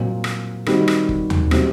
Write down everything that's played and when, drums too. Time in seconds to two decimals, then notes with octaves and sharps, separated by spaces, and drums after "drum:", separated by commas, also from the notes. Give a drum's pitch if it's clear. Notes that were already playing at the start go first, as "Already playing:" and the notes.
Already playing: A#2 F#3 C4
0.24 drum: rim click
0.66 D#3 G3 C4 F#4, drum: rim click
0.88 drum: rim click
1.09 drum: kick F#1
1.30 drum: tom
1.51 C3 F#3 C4, drum: rim click